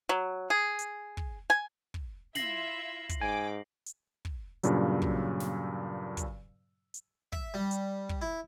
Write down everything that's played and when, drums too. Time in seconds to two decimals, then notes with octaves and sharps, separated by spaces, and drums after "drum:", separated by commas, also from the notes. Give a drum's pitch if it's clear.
0.09 F#3
0.50 G#4
0.79 drum: hi-hat
1.17 drum: kick
1.50 G#5
1.94 drum: kick
2.35 E4 F4 E5 A#6 C7 F#7, drum: snare
3.09 drum: kick, hi-hat
3.21 G#2 G5 G#5 D6
3.86 drum: hi-hat
4.25 drum: kick
4.63 G2 A#2 C#3 F#3, drum: hi-hat
5.02 drum: kick
5.40 drum: snare
6.17 drum: kick, hi-hat
6.94 drum: hi-hat
7.32 E5, drum: kick
7.54 G3
7.71 drum: hi-hat
8.09 drum: kick
8.22 E4